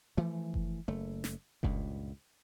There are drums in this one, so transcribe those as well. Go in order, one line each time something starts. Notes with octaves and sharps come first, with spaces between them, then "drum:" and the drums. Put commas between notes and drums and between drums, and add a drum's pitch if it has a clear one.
E3 F3 A3
drum: kick F#1
F#1 A3
drum: snare
C#2 G2 A#2, drum: kick F#1